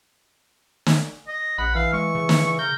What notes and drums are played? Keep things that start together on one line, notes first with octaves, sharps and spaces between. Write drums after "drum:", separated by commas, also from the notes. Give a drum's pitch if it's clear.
drum: snare
D#5
A#1 F#5 B5
E3 F5
G#3 C#6
C#3
drum: snare
A#4 G6